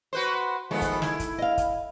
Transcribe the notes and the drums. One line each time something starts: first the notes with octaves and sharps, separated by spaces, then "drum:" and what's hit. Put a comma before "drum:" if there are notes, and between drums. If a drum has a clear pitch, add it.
F#4 B4 C5
D#3 F3 G#3 A3 B3
drum: kick, hi-hat
E4, drum: snare
drum: kick, hi-hat
D#5 F5
drum: kick, hi-hat